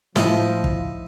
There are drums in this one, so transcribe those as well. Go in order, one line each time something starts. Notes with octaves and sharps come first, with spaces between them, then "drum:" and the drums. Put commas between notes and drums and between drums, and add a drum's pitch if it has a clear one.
A2 F3 D#4 E4, drum: snare
drum: kick